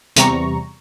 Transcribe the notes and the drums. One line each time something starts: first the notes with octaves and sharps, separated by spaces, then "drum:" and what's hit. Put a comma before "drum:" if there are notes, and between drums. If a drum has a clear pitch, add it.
E2 C3 G3 A#5 C#6, drum: hi-hat